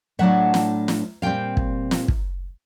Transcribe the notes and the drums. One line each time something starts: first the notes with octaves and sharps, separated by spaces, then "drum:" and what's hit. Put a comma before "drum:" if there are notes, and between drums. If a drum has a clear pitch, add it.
A2 F#3 A3 D4 F4 E5 F#5
drum: snare
drum: snare
A#2 G3 C4 F5 G5
drum: kick
drum: snare
drum: kick